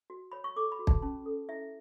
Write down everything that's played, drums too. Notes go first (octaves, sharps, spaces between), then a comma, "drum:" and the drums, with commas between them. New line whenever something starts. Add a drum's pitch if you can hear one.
F#4
C#5 B5
C#6
A4 D6
B5
F#4
A5, drum: kick
C#4 A5
A4
E4 E5